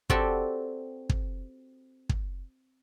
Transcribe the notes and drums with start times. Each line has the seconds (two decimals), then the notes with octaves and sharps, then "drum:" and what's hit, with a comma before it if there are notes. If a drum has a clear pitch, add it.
0.10 C4 F#4 G4 A4 D5, drum: kick
1.09 drum: kick
2.09 drum: kick